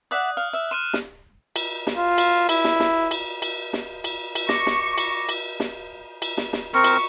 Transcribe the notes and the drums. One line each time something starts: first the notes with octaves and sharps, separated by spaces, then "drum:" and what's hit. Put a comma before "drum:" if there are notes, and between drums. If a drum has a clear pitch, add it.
D5 E5 F#5 D#6 F#6
F5 F6
E5
C6 F6 D#7 E7
drum: snare
drum: cymbal
drum: snare
F4
drum: cymbal
E4, drum: cymbal
drum: snare
drum: snare
drum: cymbal
drum: cymbal
drum: snare
drum: cymbal
drum: cymbal
C#6 D6 A#6, drum: snare
drum: snare
drum: cymbal
drum: cymbal
drum: snare
drum: cymbal
drum: snare
drum: snare
C4 A#4 C#6
drum: cymbal